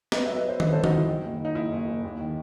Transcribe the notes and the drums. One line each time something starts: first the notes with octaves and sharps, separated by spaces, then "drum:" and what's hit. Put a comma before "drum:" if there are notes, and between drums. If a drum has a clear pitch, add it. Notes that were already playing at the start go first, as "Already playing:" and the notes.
B3 B4 D#5, drum: snare
F#3 E5
B4 D#5
F#3 C5 E5
B3 B4 D#5, drum: tom D#3
B2 A4 C5
D#4 F#4, drum: tom D#3
C2 E4
D#3
F#1
D#3
D#4
F#1 E4
F#1
F#1
D#2
D#3